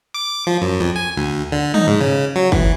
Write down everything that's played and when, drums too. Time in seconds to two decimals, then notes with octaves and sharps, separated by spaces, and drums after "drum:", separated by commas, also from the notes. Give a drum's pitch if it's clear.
0.14 D6
0.47 F3
0.62 F#2
0.81 F2
0.96 G#5
1.17 D2
1.52 D3
1.74 D#4, drum: tom
1.87 G#2
2.00 C#3
2.36 F#3
2.52 E3, drum: kick